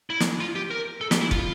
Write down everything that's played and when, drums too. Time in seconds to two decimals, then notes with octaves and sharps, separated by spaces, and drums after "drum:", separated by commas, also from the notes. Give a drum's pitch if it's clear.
0.10 E4
0.20 drum: snare
0.40 F4
0.55 G4
0.71 A#4
1.01 A4
1.11 G4, drum: snare
1.21 E4
1.31 F4, drum: kick